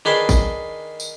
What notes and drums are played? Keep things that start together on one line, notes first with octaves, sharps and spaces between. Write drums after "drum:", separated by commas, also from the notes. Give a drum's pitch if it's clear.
D#3 D4 G#4 B4 C5 C6
drum: kick, tambourine
drum: tambourine